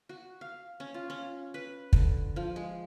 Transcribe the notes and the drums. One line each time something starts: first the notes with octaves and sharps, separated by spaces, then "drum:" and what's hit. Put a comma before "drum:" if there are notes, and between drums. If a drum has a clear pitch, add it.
F#4
F5
C#4
F4
C#4
B4
D3, drum: kick
F3
G#3